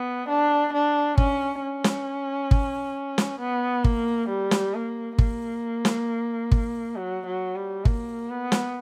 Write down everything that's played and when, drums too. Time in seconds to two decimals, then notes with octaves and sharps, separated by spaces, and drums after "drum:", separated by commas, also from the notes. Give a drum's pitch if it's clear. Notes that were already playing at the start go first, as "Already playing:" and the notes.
Already playing: B3
0.29 D4
0.73 D4
1.18 C#4, drum: kick
1.62 C#4
1.84 drum: snare
2.51 drum: kick
3.18 drum: snare
3.40 B3
3.84 A#3, drum: kick
4.29 G3
4.51 drum: snare
4.74 A#3
5.18 A#3, drum: kick
5.85 drum: snare
6.51 drum: kick
6.96 F#3
7.26 F#3
7.56 G3
7.85 A#3, drum: kick
8.29 B3
8.52 drum: snare